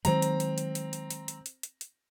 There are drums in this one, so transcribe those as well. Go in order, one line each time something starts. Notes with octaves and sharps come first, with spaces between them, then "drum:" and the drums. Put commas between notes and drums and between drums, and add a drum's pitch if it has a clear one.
D#3 F#3 G#3 C4 A#5, drum: hi-hat
drum: hi-hat
drum: hi-hat
drum: hi-hat
drum: hi-hat
drum: hi-hat
drum: hi-hat
drum: hi-hat
drum: hi-hat
drum: hi-hat
drum: hi-hat